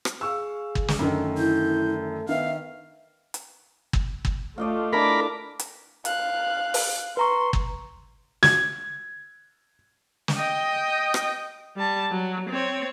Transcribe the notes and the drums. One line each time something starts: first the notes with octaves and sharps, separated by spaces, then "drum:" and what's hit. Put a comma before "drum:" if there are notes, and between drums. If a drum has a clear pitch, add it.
drum: rim click
G#4 F5 C#6 E6
drum: kick
drum: snare
F#2 D3 D#3 A3
E4 G6
D#3 B3 E5 F5
drum: hi-hat
drum: kick
drum: kick
A3 F4 D5 D#5 F5
D4 E4 A4 A#4 B5 D6
drum: hi-hat
F5 F#6, drum: hi-hat
drum: open hi-hat
B4 A#5 C6 C#6
drum: kick
G#6, drum: snare
drum: snare
D#5 G5
drum: rim click
G3 A5
F#3
C4 C#5